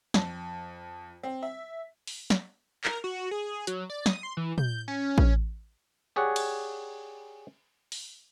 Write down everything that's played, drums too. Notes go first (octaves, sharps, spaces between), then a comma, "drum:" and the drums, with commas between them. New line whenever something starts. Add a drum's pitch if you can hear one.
F2, drum: snare
C4
E5
drum: open hi-hat
drum: snare
A#4, drum: clap
F#4
G#4
F#3, drum: hi-hat
D5
D#6, drum: snare
C6
E3
G6, drum: tom
C#4
drum: kick A1
G4 G#4 C#5 D5 F#5
drum: cymbal
drum: open hi-hat